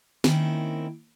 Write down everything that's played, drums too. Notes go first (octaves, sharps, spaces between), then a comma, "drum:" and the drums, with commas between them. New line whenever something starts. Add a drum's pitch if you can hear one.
D#3 A#3 C4 C#4 E4, drum: snare